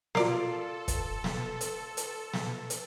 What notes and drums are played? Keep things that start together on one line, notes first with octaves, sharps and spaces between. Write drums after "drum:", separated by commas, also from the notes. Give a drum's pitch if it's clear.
F4 A4 A#4 D5 C7, drum: snare
drum: kick, hi-hat
drum: snare
drum: hi-hat
drum: hi-hat
drum: snare
drum: hi-hat